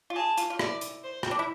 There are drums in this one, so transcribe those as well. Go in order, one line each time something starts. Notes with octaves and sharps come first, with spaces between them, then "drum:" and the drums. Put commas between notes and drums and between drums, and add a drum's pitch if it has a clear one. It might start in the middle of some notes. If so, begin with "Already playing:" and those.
F4
G#4 A5
F4, drum: hi-hat
F4
E4 D5, drum: rim click
drum: hi-hat
C5
C4, drum: rim click
D4
E4